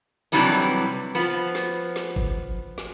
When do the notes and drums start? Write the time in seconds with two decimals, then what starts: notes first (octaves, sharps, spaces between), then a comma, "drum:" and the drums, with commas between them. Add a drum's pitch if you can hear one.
0.32 C3 E3 F#3 G3 D4
0.53 drum: snare
1.15 F3 B3
1.55 drum: snare
1.96 drum: snare
2.16 drum: kick G1
2.78 drum: snare